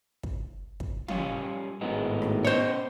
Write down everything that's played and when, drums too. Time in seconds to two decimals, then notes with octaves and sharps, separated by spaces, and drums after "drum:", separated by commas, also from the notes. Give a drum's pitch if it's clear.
0.23 drum: kick
0.80 drum: kick
1.08 G3 C#4 F4, drum: tom
1.81 G#1 A2 G#3 B3 D#4
2.22 drum: rim click
2.45 B2 C#4 C5 C#5 D#5